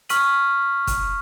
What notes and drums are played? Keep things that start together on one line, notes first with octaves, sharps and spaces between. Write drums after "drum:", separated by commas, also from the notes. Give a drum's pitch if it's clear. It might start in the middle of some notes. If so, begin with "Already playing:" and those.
C#6 F6 B6 D#7 F#7, drum: hi-hat
drum: kick, hi-hat